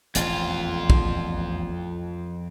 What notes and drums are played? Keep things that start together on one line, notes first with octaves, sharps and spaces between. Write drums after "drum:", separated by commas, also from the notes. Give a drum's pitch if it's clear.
E1 A1 F2 F4, drum: hi-hat
drum: kick B1